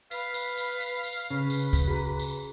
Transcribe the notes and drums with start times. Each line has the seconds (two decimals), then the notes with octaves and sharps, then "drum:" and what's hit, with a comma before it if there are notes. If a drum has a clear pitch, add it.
0.11 B4 F5 B6, drum: tambourine
0.34 drum: tambourine
0.57 drum: tambourine
0.81 drum: tambourine
1.04 drum: tambourine
1.30 C#3 B4
1.50 drum: tambourine
1.73 drum: kick, tambourine
1.87 F#4 G#4 A#5
2.19 drum: tambourine